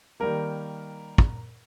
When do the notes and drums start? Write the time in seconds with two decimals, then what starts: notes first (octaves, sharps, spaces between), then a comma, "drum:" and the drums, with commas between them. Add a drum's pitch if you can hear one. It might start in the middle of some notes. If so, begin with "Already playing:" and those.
0.20 D#3 G3 A#3 A#4
1.18 drum: kick